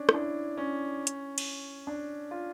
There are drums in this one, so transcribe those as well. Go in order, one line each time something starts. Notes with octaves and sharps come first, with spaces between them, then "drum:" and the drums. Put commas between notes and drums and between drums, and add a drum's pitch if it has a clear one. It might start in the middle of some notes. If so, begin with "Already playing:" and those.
Already playing: C#4 D4
E4, drum: rim click
D4
C#4
drum: hi-hat
drum: cymbal
D4
F4